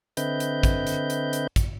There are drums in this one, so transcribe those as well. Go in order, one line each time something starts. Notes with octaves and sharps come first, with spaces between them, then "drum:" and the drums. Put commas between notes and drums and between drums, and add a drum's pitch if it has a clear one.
D3 C4 B4 D#5 E5 G6, drum: hi-hat
drum: hi-hat
drum: kick, hi-hat
drum: hi-hat
drum: hi-hat
drum: hi-hat
drum: kick, hi-hat